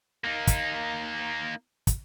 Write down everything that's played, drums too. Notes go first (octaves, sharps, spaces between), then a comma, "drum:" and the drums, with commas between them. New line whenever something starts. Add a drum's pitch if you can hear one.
A#3 D#4
drum: kick, hi-hat
drum: kick, hi-hat